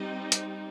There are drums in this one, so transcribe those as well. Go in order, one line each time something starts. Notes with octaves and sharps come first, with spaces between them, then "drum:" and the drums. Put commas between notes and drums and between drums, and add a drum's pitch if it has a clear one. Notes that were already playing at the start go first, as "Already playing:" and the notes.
Already playing: G3 C4 D#4 D#5
drum: hi-hat